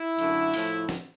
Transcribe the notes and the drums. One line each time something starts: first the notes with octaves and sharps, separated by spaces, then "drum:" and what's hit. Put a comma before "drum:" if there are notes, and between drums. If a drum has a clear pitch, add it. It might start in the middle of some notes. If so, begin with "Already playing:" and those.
Already playing: E4
F#2 D3 F#3 A3, drum: hi-hat
A2 F3 A3, drum: open hi-hat
drum: snare